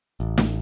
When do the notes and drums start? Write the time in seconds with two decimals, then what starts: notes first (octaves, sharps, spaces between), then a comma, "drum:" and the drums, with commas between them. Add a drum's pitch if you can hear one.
0.20 A1
0.38 drum: snare